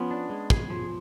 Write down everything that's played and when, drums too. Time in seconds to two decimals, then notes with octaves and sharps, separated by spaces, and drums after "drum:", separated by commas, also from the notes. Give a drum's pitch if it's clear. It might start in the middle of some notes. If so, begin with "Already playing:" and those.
Already playing: F3 B3 C#4
0.11 D4
0.29 G#3
0.50 G#4, drum: kick
0.70 F3